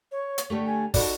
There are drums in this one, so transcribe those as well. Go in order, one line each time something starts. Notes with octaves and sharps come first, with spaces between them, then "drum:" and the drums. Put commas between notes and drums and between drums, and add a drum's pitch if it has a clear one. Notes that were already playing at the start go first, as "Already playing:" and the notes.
C#5
drum: hi-hat
D3 G3 A3
G#5
D#4 F#4 A4 D5, drum: kick, open hi-hat